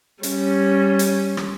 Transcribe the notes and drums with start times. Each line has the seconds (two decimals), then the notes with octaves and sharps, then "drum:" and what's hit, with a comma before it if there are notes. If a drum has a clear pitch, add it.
0.23 G3 C#4, drum: hi-hat
0.99 drum: hi-hat
1.37 drum: rim click